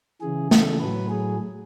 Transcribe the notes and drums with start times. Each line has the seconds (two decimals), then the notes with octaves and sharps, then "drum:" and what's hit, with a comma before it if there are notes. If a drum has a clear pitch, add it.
0.21 C#3 E3 G#4
0.51 A4, drum: snare
0.80 A2 F#3 B4
1.09 G#4